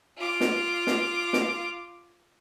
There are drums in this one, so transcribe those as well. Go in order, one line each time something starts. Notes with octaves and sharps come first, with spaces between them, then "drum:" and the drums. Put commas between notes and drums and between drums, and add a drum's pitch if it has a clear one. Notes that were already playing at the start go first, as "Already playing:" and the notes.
F4 D6
drum: snare
drum: snare
drum: snare